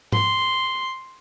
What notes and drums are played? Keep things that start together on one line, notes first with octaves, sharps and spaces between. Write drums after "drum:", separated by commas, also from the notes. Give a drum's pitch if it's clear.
C6, drum: tom G#2